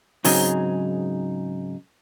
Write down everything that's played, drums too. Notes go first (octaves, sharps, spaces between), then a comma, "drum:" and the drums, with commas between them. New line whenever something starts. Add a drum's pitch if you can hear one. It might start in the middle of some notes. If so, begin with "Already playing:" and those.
G#2 C#3 F#3 C4 D#4 G#4, drum: open hi-hat